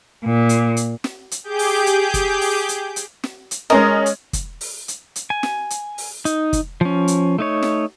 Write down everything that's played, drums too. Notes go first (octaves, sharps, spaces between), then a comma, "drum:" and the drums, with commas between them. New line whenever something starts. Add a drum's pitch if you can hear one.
A#2
drum: hi-hat
drum: hi-hat
drum: snare
drum: hi-hat
G4 G#4 D6 G6
drum: open hi-hat
drum: hi-hat
drum: kick, hi-hat
drum: open hi-hat
drum: hi-hat
drum: hi-hat
drum: snare
drum: hi-hat
G#3 C#4 A#4 D#5
drum: hi-hat
drum: kick, hi-hat
drum: open hi-hat
drum: hi-hat
drum: hi-hat
G#5
drum: snare
drum: hi-hat
drum: open hi-hat
D#4, drum: hi-hat
drum: kick, hi-hat
F3 C#4
drum: hi-hat
A3 D#4 C#5
drum: snare